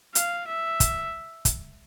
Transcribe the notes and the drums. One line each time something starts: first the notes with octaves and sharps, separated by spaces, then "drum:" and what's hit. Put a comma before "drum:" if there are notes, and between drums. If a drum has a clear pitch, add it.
F5, drum: hi-hat
E5
drum: kick, hi-hat
drum: kick, hi-hat